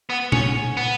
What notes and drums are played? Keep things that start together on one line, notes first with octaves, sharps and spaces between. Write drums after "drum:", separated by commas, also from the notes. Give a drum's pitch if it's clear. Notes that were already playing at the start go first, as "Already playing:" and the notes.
B3
C#4, drum: tom A#2
B3